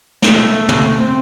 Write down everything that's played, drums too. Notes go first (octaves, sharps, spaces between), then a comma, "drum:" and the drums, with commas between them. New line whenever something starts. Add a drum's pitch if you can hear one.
G#3, drum: snare
A3
drum: tom
C4